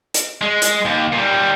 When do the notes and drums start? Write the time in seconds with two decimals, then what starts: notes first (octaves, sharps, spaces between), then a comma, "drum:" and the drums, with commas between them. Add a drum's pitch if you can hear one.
0.14 drum: hi-hat
0.41 G#3
0.62 drum: hi-hat
0.86 D#2
1.13 A#2 G3